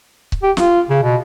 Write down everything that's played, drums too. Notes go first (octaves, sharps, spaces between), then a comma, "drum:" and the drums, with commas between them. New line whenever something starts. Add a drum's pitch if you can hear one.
drum: kick C#1
G4
F4, drum: snare
C#3
B2